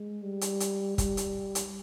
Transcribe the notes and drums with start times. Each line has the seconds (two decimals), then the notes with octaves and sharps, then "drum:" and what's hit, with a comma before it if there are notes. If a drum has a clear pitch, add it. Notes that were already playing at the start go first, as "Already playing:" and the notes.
Already playing: G#3
0.23 G3
0.41 drum: hi-hat
0.60 drum: hi-hat
0.98 G3, drum: kick, hi-hat
1.17 drum: hi-hat
1.55 drum: hi-hat